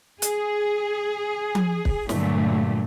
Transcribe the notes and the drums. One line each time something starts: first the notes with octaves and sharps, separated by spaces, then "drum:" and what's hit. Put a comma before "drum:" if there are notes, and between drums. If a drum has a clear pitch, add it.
G#4, drum: hi-hat
drum: tom F3
drum: kick
G2 A#2 D3 F#3 A3, drum: snare